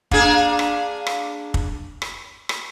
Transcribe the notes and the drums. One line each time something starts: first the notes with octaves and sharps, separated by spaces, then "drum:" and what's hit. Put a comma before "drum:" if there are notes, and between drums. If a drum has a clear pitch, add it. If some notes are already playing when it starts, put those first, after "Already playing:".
A#3 D4 G#4, drum: kick
drum: rim click
drum: rim click
drum: kick
drum: rim click
drum: rim click